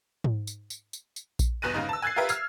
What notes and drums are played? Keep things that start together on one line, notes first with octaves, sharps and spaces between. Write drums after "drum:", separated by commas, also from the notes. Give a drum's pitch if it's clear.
drum: tom G#2
drum: tambourine
drum: tambourine
drum: tambourine
drum: tambourine
drum: kick A#1, tambourine
G1 E2 B2 F#6 A#6 D#7
G#2 C#3 D#4
A5 E6
G#5 F#6 G#6 A6 C7
F4 G4 A#4 B4 E5
E6 F6 G#6 C7, drum: tambourine